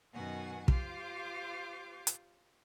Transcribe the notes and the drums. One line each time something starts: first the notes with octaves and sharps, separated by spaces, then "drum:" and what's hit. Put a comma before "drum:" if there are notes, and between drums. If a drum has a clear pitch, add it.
F#2 B2 D#3 F#4 F#5 G#5
F4 G4 C5 F5 D6, drum: kick
drum: hi-hat